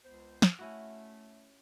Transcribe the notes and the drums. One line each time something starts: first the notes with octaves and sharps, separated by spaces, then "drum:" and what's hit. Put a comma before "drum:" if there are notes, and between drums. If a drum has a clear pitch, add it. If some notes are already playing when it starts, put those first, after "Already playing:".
C#2 B3 C5
drum: snare
A3 C#4 E4 F#4